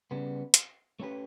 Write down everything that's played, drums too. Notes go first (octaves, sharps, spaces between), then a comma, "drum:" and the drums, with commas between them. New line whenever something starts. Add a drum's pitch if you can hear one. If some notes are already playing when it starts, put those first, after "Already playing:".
C#3 G3 B3
drum: hi-hat
A3 C#4 G4 B4